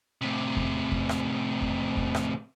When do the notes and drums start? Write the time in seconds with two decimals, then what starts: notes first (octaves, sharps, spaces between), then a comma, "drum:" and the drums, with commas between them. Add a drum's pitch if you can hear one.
0.21 A2 C3
0.57 drum: kick E2
0.92 drum: kick E2
1.09 drum: rim click
1.62 drum: kick E2
1.97 drum: kick E2
2.15 drum: rim click